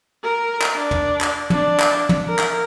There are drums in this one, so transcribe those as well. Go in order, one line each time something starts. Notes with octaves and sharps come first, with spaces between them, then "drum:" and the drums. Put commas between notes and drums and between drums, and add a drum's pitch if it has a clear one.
A#4
drum: clap
D4
drum: tom
drum: clap
D4, drum: tom
drum: clap
drum: tom
A#4
drum: clap